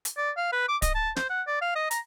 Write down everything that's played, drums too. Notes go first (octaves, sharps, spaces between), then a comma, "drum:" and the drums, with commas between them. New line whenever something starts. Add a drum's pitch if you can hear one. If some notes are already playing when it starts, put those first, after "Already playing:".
drum: hi-hat
D5
F5
B4
D6
D#5, drum: kick D1, hi-hat
A5
C5, drum: snare
F#5
D5
F5
D#5
A#5, drum: hi-hat